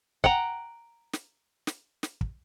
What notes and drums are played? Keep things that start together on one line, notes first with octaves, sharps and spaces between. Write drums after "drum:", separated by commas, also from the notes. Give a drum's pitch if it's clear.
F#5 G5 A#5, drum: kick
drum: snare
drum: snare
drum: snare
drum: kick